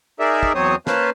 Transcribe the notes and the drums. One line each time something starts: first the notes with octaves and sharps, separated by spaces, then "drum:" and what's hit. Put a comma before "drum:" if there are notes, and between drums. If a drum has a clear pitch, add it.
D#4 G#4 A#4 D5 E5
drum: kick
E2 F#3 C4 C5 C#5 D#6
A#3 C#4 B4 C5 F5 A5, drum: snare